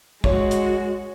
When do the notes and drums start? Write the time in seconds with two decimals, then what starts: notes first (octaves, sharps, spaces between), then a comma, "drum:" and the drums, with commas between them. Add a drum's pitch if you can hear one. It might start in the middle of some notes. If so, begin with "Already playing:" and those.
0.24 G#3 F#4 C#5, drum: kick
0.51 drum: hi-hat